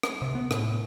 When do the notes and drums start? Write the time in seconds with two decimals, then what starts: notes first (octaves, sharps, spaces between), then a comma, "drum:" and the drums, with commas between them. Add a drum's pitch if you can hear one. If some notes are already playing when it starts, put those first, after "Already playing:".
0.03 drum: rim click
0.22 C3
0.35 B3
0.51 A2, drum: rim click